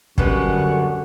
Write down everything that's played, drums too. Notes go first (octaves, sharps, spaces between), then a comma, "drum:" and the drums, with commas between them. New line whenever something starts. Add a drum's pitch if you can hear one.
F#2 D3 G3 G#3 B3 C#4 F#5 C#6, drum: kick